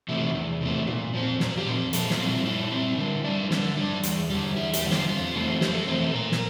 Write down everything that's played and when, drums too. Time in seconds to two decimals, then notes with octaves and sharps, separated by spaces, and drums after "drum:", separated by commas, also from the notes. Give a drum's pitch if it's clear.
0.09 C3 E3 A3
0.35 E2
0.61 C3 E3 A3
0.87 A#2, drum: tom G#2
1.14 F3 C4
1.40 A#2 F4, drum: snare
1.57 G4
1.66 F3 C4
1.93 A#2 A4, drum: hi-hat
2.10 F4, drum: snare
2.19 G3 C4
2.28 E4
2.45 A#2 E4
2.72 G3 C4
2.98 D3
3.24 G3 D4
3.51 D3, drum: snare
3.77 G3 D4
4.03 E2, drum: hi-hat
4.30 D3 G3
4.56 E2 E4
4.73 G4, drum: hi-hat
4.82 D3 G3
4.91 F4, drum: snare
5.08 F2 F4
5.35 E3 A3 C4
5.61 F2 G4, drum: snare
5.75 A4
5.87 E3 A3 C4 C5
6.01 A4
6.14 A#2 A#4
6.32 drum: snare